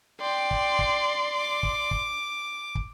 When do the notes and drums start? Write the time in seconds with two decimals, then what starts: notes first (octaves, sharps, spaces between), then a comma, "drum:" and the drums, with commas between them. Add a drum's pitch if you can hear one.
0.21 D5 G5 C6
0.51 drum: kick
0.79 drum: kick
1.35 D6
1.63 drum: kick
1.91 drum: kick
2.75 drum: kick